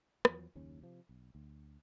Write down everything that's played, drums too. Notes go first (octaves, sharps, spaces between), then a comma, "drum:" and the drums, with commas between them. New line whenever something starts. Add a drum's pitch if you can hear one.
E2 F3 F#3, drum: rim click
F#1 D#2 C#4
C3 F3
B1
D2